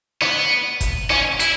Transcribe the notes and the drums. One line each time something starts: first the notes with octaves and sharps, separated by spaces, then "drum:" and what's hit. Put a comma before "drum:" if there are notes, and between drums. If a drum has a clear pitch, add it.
B3, drum: rim click
drum: kick G1, hi-hat
C#4, drum: rim click
E4, drum: hi-hat